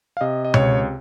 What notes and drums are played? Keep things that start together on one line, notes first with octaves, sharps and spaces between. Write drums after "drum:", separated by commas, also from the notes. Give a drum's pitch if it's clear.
F5
C3 D#5
D#5
C#2 C#5, drum: tom B2